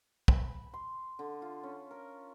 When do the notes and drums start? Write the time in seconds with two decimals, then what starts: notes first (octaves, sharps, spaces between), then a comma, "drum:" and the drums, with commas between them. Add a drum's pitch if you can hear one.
0.28 B5, drum: kick
0.74 C6
1.19 D3
1.42 F4
1.63 C#4
1.91 A#4